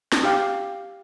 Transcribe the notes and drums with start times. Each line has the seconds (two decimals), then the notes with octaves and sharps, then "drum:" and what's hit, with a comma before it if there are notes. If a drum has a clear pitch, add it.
0.12 drum: snare
0.24 G4 F5